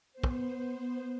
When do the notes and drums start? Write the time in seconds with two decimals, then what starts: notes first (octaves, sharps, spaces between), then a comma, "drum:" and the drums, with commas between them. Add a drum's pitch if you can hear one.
0.13 B3 C5
0.24 drum: kick